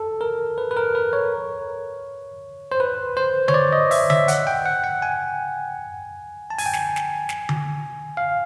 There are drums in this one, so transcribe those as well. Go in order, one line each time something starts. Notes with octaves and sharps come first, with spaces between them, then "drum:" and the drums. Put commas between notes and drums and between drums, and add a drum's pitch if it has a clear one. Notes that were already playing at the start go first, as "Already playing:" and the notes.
Already playing: A4
A#4
B4
B4
A#4
B4
C#5
C5
B4
C5
C#5, drum: tom D3
D5
D#5
E5, drum: open hi-hat
E5, drum: tom D3
F#5, drum: hi-hat
G5
F#5
F#5
G#5
A5
G#5, drum: open hi-hat
G5
G#5, drum: snare
drum: snare
drum: snare
drum: tom D3
F5